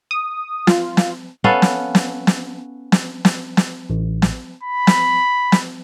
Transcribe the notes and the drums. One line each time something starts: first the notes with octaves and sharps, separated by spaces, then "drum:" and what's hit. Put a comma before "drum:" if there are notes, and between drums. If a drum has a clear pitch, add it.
D#6
F4, drum: snare
drum: snare
B3 C#4 A4 F5
drum: snare
drum: snare
drum: snare
drum: snare
drum: snare
drum: snare
A1
drum: snare
B5
drum: snare
drum: snare